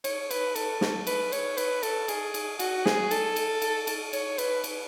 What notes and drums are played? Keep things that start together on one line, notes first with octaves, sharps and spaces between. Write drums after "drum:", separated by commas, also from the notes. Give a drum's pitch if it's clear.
C#5, drum: cymbal
B4, drum: cymbal
A4, drum: cymbal
drum: snare
B4, drum: cymbal
C#5, drum: cymbal
B4, drum: cymbal
A4, drum: cymbal
G#4, drum: cymbal
drum: cymbal
F#4, drum: cymbal
G#4, drum: snare
A4, drum: cymbal
drum: cymbal
drum: cymbal
drum: cymbal
C#5, drum: cymbal
B4, drum: cymbal
drum: cymbal